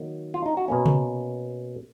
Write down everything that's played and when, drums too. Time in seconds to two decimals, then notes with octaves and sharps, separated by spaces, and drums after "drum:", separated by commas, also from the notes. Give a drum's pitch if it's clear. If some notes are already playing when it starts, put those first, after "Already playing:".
Already playing: D#3 F#3 A#3
0.34 F4
0.46 D#4
0.57 F#4
0.68 B2 A#3 C#4
0.86 drum: tom C3